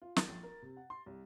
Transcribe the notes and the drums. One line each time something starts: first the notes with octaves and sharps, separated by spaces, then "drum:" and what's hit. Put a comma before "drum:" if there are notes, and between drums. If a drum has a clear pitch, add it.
F4
A6, drum: snare
A#1
A#4
C3
F#5
C6
C2